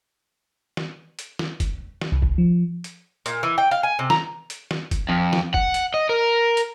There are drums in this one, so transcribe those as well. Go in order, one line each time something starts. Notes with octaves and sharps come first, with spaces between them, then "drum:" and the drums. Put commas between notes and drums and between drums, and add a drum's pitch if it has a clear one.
drum: snare
drum: hi-hat
drum: snare
drum: kick, hi-hat
drum: snare
C2
drum: kick
F3
drum: hi-hat
A#2, drum: hi-hat
E3
G5
F5
G#5
C3
A#5, drum: snare
drum: hi-hat
drum: snare
drum: kick, hi-hat
F2
drum: snare
F#5, drum: kick
drum: hi-hat
D#5
A#4
drum: hi-hat